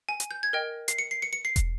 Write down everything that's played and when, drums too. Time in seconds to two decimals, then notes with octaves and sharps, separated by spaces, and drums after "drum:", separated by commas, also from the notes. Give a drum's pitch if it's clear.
0.09 G#5
0.20 drum: hi-hat
0.31 G6
0.43 G#6
0.53 A#4 D#5 G5
0.88 C7, drum: hi-hat
0.99 C#7
1.11 C7
1.22 C#7
1.33 C#7
1.45 C7
1.56 drum: kick, hi-hat